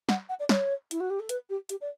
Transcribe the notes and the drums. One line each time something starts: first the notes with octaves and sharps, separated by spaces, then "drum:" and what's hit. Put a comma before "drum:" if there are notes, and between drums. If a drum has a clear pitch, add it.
F#5, drum: snare
F#5
D5
C#5, drum: snare
E4, drum: hi-hat
F#4
G4
A4
B4, drum: hi-hat
G4
G4, drum: hi-hat
D5